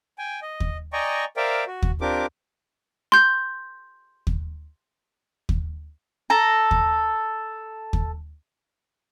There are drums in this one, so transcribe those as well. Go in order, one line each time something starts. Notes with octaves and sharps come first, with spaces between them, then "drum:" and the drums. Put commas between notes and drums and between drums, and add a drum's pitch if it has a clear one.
G5 G#5
D#5
drum: kick
D5 D#5 G5 G#5 A#5 C#6
A#4 C5 D5 E5 F5 G5
F#4
drum: kick
C4 D4 F4 G4 A#4 D6
C6 G6
drum: kick
drum: kick
A4 A#5
drum: kick
drum: kick